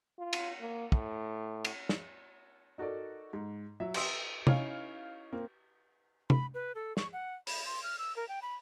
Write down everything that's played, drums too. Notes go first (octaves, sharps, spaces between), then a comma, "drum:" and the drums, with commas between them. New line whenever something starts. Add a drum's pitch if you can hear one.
F4
drum: cymbal
A#3
A2, drum: kick
drum: cymbal
drum: snare
D#4 F#4 A4 A#4 D5
G#2
F#3 E5
G4 E5 C6 D#6 E6, drum: cymbal
C#4 D#4 E4 C#5 F5, drum: tom C3
A#3 C4
B5, drum: tom C3
B4
A4
C#6, drum: snare
F#5
B5, drum: open hi-hat
C6
F6
E6
A#4
G5
B5